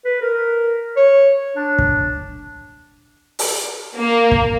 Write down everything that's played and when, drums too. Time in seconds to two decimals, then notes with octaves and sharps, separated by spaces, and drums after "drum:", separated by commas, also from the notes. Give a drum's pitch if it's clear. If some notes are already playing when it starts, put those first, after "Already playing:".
0.05 B4
0.21 A#4
0.97 C#5
1.56 D4
1.79 drum: kick
3.39 drum: open hi-hat
3.97 A#3
4.31 drum: kick